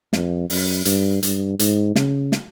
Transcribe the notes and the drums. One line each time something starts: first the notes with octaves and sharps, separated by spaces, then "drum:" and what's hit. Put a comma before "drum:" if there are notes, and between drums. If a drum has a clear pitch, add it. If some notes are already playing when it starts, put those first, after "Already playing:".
F2, drum: snare
F#2, drum: open hi-hat
G2, drum: hi-hat
G2, drum: hi-hat
G#2, drum: hi-hat
C#3, drum: snare
drum: snare